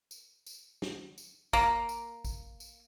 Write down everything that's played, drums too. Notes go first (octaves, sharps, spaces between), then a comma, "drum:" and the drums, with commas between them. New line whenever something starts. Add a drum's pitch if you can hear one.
drum: tambourine
drum: tambourine
drum: snare
drum: tambourine
A#3, drum: kick A1, tambourine
drum: tambourine
drum: kick A1, tambourine
drum: tambourine